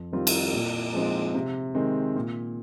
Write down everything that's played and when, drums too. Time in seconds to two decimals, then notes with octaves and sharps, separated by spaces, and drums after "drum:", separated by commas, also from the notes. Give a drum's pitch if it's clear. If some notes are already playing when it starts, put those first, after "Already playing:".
Already playing: F2
0.12 D#3 G3 C4 F4
0.27 drum: cymbal
0.53 A#2
0.93 F3 G#3 C4 D#4
1.34 C3
1.75 D#3 G#3 C4
2.16 A#2